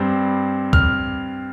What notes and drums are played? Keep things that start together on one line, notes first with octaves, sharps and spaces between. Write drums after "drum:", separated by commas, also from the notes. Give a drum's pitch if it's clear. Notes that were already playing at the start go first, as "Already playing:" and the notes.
Already playing: G2 G3 C4
F6, drum: kick C2